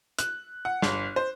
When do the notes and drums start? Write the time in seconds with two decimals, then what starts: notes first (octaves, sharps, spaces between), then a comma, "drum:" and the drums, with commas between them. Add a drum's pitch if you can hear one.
0.19 F#6, drum: hi-hat
0.65 F#5
0.82 G1, drum: snare
1.16 C5